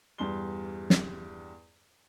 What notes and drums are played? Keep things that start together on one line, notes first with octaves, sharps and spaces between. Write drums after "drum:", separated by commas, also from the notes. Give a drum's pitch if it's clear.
E2 G2 G3 C6 G7
drum: snare